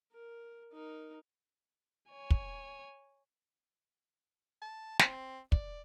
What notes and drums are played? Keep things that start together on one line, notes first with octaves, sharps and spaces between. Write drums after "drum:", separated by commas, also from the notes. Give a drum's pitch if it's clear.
A#4
D#4 A#4
C#5 G#5
drum: kick
A5
C4, drum: snare
D5, drum: kick